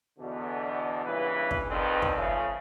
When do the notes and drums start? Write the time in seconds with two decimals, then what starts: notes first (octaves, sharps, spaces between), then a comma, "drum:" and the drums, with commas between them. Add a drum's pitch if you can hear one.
0.19 E2 B2 D3
1.06 A#1 G2 C#3 E3 B4
1.51 drum: kick
1.68 C2 F2 D#3 C4 G#4 B4
2.02 drum: kick
2.16 C#3 F3 A3